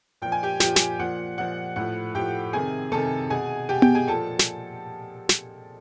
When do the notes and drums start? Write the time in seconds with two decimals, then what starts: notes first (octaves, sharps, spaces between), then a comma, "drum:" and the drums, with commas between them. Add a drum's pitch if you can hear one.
0.22 A#2 F3 G5
0.32 G#5
0.43 G4 G5
0.60 A#2 F3 G4 G5, drum: snare
0.76 drum: snare
0.99 A#2 F3 F#5
1.38 A#2 F3 F#5
1.76 A2 F3 F#5
2.15 A2 F3 G4 G5
2.53 C3 D#3 G#4 G#5
2.92 C3 D#3 A4 A5
3.30 B2 G#4 G#5
3.69 B2 G4 G5
3.82 G4 G5, drum: tom B3
3.95 G#4 G#5
4.07 A#2 F3 A4 A5
4.39 drum: snare
5.29 drum: snare